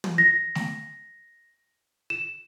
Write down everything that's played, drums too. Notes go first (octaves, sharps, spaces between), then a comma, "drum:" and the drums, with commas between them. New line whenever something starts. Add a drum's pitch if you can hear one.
drum: tom
A#6
drum: snare A3
E7